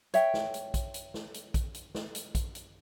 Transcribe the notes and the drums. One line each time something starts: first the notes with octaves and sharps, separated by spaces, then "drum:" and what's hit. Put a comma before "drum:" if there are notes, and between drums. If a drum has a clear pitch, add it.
C#5 E5 G5, drum: hi-hat
drum: snare
drum: hi-hat
drum: kick A#1, hi-hat
drum: hi-hat
drum: snare
drum: hi-hat
drum: kick A#1, hi-hat
drum: hi-hat
drum: snare
drum: hi-hat
drum: kick A#1, hi-hat
drum: hi-hat